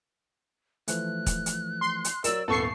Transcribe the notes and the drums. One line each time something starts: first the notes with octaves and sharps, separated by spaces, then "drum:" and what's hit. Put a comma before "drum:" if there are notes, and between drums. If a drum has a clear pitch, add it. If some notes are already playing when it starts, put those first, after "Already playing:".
E3 F3 A3 F#6, drum: hi-hat
drum: kick, hi-hat
drum: hi-hat
C6
drum: hi-hat
F#3 A#4 D5 E6, drum: hi-hat
D#1 G#2 B3 A4 A5 C#6 C7